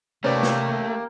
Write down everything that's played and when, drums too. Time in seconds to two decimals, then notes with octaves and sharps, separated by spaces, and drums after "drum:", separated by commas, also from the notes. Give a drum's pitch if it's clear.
0.24 C3 A3 A#3 C#4 G4 B4 D5
0.43 drum: snare